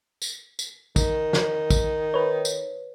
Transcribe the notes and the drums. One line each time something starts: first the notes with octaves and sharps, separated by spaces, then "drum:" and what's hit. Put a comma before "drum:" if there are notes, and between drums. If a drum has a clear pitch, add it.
drum: tambourine
drum: tambourine
D#3, drum: kick, tambourine
drum: snare
drum: kick, tambourine
B4 C#5
drum: tambourine